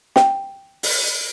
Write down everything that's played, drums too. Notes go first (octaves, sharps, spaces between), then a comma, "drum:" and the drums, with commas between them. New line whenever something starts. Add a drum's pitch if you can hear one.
G5, drum: snare
drum: open hi-hat